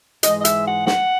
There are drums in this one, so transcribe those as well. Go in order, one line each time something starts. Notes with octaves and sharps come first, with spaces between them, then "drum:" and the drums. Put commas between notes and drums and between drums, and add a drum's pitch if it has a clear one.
G#2 E3 G#3 D#5, drum: hi-hat
D#5
E5, drum: hi-hat
F#5
F#5, drum: snare